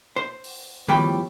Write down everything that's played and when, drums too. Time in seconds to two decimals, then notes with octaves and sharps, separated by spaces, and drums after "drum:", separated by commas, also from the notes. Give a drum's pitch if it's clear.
0.16 C5
0.44 drum: open hi-hat
0.88 E2 A2 F3 G3 G5 B5, drum: tom D#3